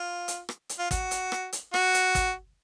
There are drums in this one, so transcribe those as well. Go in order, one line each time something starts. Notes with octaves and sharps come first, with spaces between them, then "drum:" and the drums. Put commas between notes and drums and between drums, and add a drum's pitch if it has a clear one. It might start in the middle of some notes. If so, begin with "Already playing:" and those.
Already playing: F4
drum: hi-hat
drum: rim click
drum: hi-hat
F4
F#4, drum: kick, hi-hat
drum: hi-hat
drum: rim click
drum: hi-hat
F#4, drum: rim click
drum: hi-hat
drum: kick, hi-hat